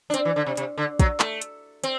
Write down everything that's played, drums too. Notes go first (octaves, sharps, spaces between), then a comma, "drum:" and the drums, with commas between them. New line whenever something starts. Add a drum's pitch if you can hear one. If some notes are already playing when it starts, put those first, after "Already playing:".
D4
C4, drum: hi-hat
E3
D3
C3
C3, drum: hi-hat
D3
F#3, drum: kick, hi-hat
A3, drum: clap
drum: hi-hat
C4, drum: hi-hat